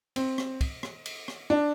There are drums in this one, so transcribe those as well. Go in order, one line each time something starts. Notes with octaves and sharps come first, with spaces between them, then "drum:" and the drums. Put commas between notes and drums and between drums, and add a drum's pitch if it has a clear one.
C4, drum: cymbal
drum: rim click
drum: kick, cymbal
drum: rim click
drum: cymbal
drum: rim click
D4